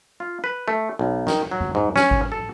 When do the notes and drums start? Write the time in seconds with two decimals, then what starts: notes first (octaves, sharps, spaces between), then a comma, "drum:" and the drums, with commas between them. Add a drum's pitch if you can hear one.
0.20 F4
0.44 B4
0.68 A3
0.99 B1
1.27 D#3, drum: snare
1.51 F#3
1.61 drum: tom F2
1.75 G#2
1.96 C#4, drum: snare
2.11 drum: kick G#1
2.32 A4